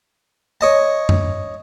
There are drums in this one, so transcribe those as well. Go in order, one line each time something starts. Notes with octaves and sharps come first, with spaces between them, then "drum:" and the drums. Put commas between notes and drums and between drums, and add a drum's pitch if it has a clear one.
C#5 D#5 A5
drum: tom F#2